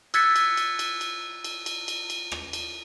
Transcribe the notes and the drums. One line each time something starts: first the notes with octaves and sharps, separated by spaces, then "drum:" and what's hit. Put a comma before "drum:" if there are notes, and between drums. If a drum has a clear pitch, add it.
E6 F#6 G#6 A6 B6 C#7, drum: cymbal
drum: cymbal
drum: cymbal
drum: cymbal
drum: cymbal
drum: cymbal
drum: cymbal
drum: cymbal
drum: cymbal
drum: rim click
drum: cymbal